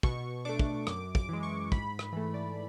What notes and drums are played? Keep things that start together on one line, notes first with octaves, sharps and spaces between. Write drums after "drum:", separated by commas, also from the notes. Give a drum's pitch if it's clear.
B2 C#6, drum: kick
A3 D4 D6
drum: kick
F#2 D6, drum: rim click
D6, drum: kick
E3 G#3
C#6
G#2 B5, drum: kick
drum: rim click
E3 A3
D5